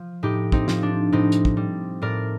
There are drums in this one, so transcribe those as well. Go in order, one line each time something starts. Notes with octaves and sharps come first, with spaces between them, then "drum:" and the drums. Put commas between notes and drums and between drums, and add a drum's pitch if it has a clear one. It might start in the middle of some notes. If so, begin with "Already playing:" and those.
Already playing: F3
A2 D#4 G4
C4 D#4, drum: kick
F3, drum: snare
D4
A2 C4 D#4
drum: hi-hat
drum: kick
G3
A2 A#4 D5